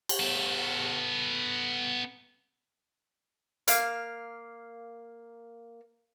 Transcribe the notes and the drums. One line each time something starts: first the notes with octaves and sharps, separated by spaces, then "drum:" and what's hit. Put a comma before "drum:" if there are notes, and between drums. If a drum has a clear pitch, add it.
drum: cymbal
B3 A4
A#3 F5, drum: hi-hat